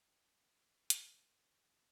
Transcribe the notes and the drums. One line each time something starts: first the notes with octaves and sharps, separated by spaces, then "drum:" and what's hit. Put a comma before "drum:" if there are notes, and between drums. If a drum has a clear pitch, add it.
D#2 D#3 A#3 F4
C#3 G#3 C#4, drum: hi-hat
C3 G3 C#4